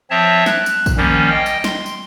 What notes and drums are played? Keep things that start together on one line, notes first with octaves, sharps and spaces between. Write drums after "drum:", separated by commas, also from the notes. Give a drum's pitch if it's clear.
F3 C4 C#5 E5 A5
F#6, drum: snare
drum: tambourine
drum: kick, tambourine
D#3 F3 G3 A#3 C#4
D#5 G5
drum: tambourine
C6, drum: snare
drum: tambourine